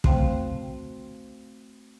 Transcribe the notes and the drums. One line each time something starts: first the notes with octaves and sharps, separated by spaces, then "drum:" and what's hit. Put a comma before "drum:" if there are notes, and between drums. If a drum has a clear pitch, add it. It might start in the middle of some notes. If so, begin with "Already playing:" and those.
A3 C4 F#4 C5 F5 G5, drum: kick